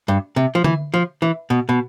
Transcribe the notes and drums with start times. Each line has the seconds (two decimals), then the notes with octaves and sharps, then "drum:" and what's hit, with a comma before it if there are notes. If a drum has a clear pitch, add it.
0.08 G2
0.36 C3
0.55 F3
0.64 E3, drum: tom D3
0.94 F3
1.22 E3
1.50 B2
1.69 B2